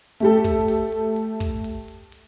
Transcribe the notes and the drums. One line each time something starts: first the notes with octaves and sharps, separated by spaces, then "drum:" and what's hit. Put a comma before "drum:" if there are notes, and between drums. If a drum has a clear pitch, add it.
A3 G4 A4, drum: hi-hat
drum: kick, open hi-hat
drum: open hi-hat
drum: hi-hat
drum: hi-hat
drum: kick, open hi-hat
drum: open hi-hat
drum: hi-hat
drum: hi-hat